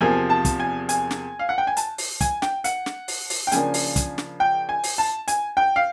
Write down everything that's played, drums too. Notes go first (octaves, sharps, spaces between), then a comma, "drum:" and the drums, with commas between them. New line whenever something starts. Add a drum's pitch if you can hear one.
E2 C3 F3 A#3 G#5
A5
drum: kick, hi-hat
G#5
G#5, drum: hi-hat
drum: snare
F5
F#5
G5
G#5
A5, drum: hi-hat
drum: open hi-hat
G#5, drum: kick, hi-hat
G5, drum: snare
F#5, drum: hi-hat
drum: snare
drum: open hi-hat
drum: open hi-hat
G5
C#3 F3 A#3 D4 G#5, drum: hi-hat
drum: open hi-hat
drum: kick, hi-hat
drum: snare
G5
G#5
drum: open hi-hat
A5
G#5, drum: hi-hat
G5
F5